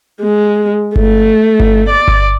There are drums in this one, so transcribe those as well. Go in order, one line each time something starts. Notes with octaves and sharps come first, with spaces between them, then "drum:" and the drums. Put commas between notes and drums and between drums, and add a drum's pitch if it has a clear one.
G#3
A3, drum: kick G1
drum: kick G1
D5
drum: kick G1